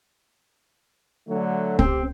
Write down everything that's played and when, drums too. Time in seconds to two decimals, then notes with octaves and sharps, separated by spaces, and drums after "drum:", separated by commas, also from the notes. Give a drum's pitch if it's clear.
1.27 D3 F#3 A3
1.79 C4 G4, drum: kick